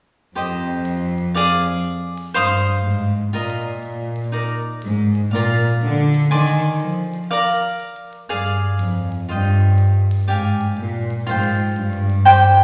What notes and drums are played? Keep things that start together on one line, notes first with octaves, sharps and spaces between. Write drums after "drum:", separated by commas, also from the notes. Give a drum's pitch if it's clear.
F2 G4 C5 D#5
drum: open hi-hat
drum: hi-hat
G#4 D5 F5, drum: hi-hat
drum: hi-hat
drum: hi-hat
drum: open hi-hat
G2 C5 F5 C6 D#6
drum: hi-hat
G#2
A#2 F4 A#4 D#5 A#5
drum: open hi-hat
drum: hi-hat
drum: hi-hat
D#4 A#4 D5
drum: hi-hat
G#2, drum: open hi-hat
drum: hi-hat
A#2 F4 A#4 D5 F5, drum: hi-hat
drum: hi-hat
D3, drum: hi-hat
drum: open hi-hat
D#3 D5 G#5 C6
drum: hi-hat
drum: hi-hat
F3, drum: hi-hat
drum: hi-hat
A#4 D5 F5
drum: open hi-hat
drum: hi-hat
drum: hi-hat
drum: hi-hat
G2 G#4 D5 F5
drum: hi-hat
F2, drum: open hi-hat
drum: hi-hat
G2 F4 C5 D#5 G5, drum: hi-hat
drum: hi-hat
drum: hi-hat
drum: open hi-hat
G#2 G4 D5 F5 G#5
drum: hi-hat
drum: hi-hat
A#2, drum: hi-hat
drum: hi-hat
G#2 F4 C5 G5
drum: open hi-hat
G2, drum: hi-hat
drum: hi-hat
drum: hi-hat
G4 C5 G5
drum: hi-hat